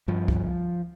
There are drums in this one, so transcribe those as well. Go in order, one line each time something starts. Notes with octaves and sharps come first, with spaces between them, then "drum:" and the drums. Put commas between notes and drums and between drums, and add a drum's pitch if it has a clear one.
G2 F3
G1, drum: kick